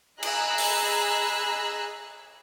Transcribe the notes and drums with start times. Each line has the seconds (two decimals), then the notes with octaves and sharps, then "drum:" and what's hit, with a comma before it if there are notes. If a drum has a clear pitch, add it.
0.23 G#4 D#5 A#5 B5 E6 F#6, drum: cymbal
0.58 drum: open hi-hat